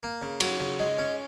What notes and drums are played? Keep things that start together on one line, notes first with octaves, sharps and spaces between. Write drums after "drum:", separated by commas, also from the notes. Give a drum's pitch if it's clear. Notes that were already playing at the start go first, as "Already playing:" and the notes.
A#3
C#3
F#3, drum: cymbal
C#3
G#3
C#4